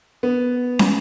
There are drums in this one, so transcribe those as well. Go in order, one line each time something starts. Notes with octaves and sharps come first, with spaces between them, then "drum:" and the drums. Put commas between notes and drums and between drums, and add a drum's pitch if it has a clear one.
B3
drum: snare